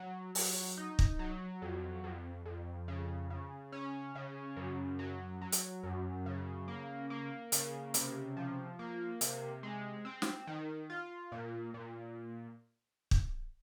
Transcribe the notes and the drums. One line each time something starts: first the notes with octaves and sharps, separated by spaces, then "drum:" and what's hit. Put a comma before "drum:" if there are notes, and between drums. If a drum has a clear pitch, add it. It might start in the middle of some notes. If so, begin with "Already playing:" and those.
Already playing: F#3
F#3, drum: open hi-hat
D#4
drum: kick
F#3
F2
F2
F2
C#3
C#3
C#4
C#3
F#2
F#3
F#3
drum: hi-hat
F#2
C#3
A#3
A#3
C#3, drum: hi-hat
C3, drum: hi-hat
F3
A#3
C3, drum: hi-hat
G#3
C4
drum: snare
D#3
F4
A#2
A#2
drum: kick